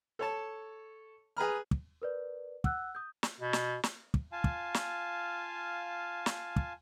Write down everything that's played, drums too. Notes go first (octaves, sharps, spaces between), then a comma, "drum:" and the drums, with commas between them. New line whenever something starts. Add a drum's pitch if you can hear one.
A4 C#5 A5
G#4 B4 A#5 F6
drum: kick
A#4 B4 D5
F#5 E6 F#6, drum: kick
D#6 G6
drum: snare
B2
drum: snare
drum: snare
drum: kick
F4 F5 G#5 A5
drum: kick
drum: snare
drum: snare
drum: kick